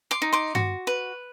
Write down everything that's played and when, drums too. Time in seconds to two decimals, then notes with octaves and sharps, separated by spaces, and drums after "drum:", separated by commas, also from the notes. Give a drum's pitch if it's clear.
0.11 C6 D6
0.22 D#4
0.33 C6 D6
0.55 F#4, drum: tom G2
0.87 B4